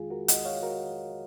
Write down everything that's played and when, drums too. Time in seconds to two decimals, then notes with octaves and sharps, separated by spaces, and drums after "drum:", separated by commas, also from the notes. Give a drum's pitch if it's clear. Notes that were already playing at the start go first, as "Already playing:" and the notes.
Already playing: F2 D#3 G#3 F4 G#4
0.10 F#4 A#4
0.28 D#5 F#5, drum: hi-hat
0.45 C#5 F5
0.63 F#4 A#4